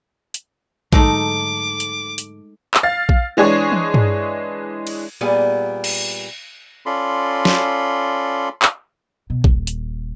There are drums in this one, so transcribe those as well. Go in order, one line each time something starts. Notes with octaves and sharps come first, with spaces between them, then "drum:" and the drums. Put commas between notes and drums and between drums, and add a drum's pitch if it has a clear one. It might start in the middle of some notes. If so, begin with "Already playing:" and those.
drum: hi-hat
G#2 D3 F#3 G#3 A3 D#4 A4 D6, drum: kick A#1
drum: hi-hat
drum: hi-hat
drum: clap
F5 A6
drum: kick A#1
E3 G#3 D4 G#4 C#5 C#6
drum: tom
drum: tom G2
drum: cymbal
A#2 G3 B3 G#4 G#5
drum: cymbal
C#4 F4 A4 D5 B5 C6
drum: snare
drum: clap
B2
D#1, drum: kick A#1
drum: hi-hat